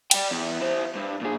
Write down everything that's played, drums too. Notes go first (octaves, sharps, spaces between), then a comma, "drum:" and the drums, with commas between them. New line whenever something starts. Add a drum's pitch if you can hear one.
D5 G5, drum: cymbal
E2
E4 C5
G2
A#2 G#4